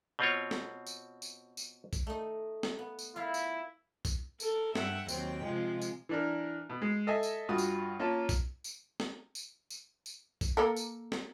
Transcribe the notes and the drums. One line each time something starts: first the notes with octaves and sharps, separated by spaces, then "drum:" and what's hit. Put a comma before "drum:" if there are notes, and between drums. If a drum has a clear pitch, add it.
B2 C4 F4 C#5
drum: snare
drum: tambourine
drum: tambourine
drum: tambourine
drum: kick B1, tambourine
A3 D#4
drum: snare
B3
drum: tambourine
E4 F4 A#4 F5
drum: tambourine
drum: kick B1, tambourine
A4 A#4, drum: tambourine
G2 E5 F#5 G5, drum: snare
D#2 F#3 C4 G5, drum: tambourine
C3 F3 G#3
drum: tambourine
E3 D4 A#4
B2
G#3
A4 D#5 E5 G#5
drum: tambourine
G2 F4 F#4 D#6
drum: tambourine
A#3 C#4 F4 A5
drum: kick B1, tambourine
drum: tambourine
drum: snare
drum: tambourine
drum: tambourine
drum: tambourine
drum: kick B1, tambourine
A#3 A4 A#4
drum: tambourine
drum: snare